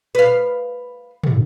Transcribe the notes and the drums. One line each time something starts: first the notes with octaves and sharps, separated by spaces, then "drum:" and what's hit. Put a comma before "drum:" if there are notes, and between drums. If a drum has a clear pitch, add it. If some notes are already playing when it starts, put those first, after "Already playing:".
B4 F5
drum: tom